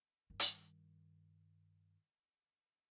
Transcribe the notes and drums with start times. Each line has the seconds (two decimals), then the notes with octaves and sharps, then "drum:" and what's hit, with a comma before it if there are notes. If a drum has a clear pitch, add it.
0.30 G2 D#3
0.40 drum: hi-hat